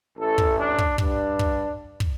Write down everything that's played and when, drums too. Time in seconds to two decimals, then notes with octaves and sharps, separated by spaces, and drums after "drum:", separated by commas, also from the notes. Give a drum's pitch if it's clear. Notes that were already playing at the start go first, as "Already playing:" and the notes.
0.17 A1 A2 A3 A4
0.38 drum: kick
0.59 D4
0.78 drum: kick
0.98 G2 G3 D4, drum: kick
1.39 drum: kick
2.00 drum: kick